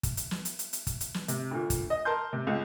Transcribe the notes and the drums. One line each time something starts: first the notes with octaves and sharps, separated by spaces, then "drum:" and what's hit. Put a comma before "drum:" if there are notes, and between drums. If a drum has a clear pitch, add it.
drum: kick, hi-hat
drum: hi-hat
drum: snare
drum: hi-hat
drum: hi-hat
drum: hi-hat
drum: kick, hi-hat
drum: hi-hat
drum: snare
C3, drum: hi-hat
D2 A#2
drum: kick, hi-hat
D#5
A#4 A5 C6 G6
C3
C#2